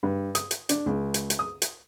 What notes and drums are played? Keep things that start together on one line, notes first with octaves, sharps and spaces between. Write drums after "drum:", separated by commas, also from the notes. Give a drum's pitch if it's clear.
G2
D#6, drum: hi-hat
drum: hi-hat
D4, drum: hi-hat
C#2
drum: hi-hat
drum: hi-hat
D#6
drum: hi-hat